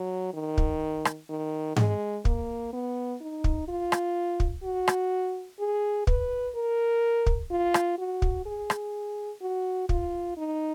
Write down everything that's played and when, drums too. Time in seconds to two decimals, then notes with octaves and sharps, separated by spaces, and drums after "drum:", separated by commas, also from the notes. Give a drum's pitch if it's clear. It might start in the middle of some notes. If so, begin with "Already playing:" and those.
Already playing: F#3
0.33 D#3
0.58 drum: kick
1.05 drum: rim click
1.29 D#3
1.76 G#3, drum: tom G#2
2.25 A#3, drum: kick
2.73 B3
3.21 D#4
3.44 drum: kick
3.68 F4
3.92 drum: rim click
4.40 drum: kick
4.63 F#4
4.88 drum: rim click
5.59 G#4
6.07 B4, drum: kick
6.55 A#4
7.26 drum: kick
7.51 F4
7.74 drum: rim click
7.98 F#4
8.22 drum: kick
8.46 G#4
8.70 drum: rim click
9.41 F#4
9.89 F4, drum: kick
10.37 D#4